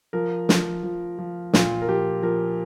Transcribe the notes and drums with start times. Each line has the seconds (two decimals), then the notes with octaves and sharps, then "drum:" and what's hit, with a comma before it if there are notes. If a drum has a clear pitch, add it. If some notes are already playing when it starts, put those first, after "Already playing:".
0.13 F3 A#4
0.49 F3, drum: snare
0.83 F3
1.18 F3
1.53 A#2 F4, drum: snare
1.82 A#4
1.87 F3 G4
2.22 F3 A#4